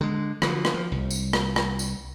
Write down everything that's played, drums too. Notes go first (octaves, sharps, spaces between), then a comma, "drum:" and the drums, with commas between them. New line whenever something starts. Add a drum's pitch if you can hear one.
D3 G#3
D3 F3 F#3, drum: rim click
drum: rim click
F3
C2
drum: tambourine
drum: rim click
drum: rim click
drum: tambourine